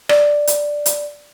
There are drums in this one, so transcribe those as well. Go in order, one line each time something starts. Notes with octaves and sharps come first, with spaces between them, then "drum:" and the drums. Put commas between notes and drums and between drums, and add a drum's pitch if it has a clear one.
D5, drum: rim click
drum: hi-hat
drum: hi-hat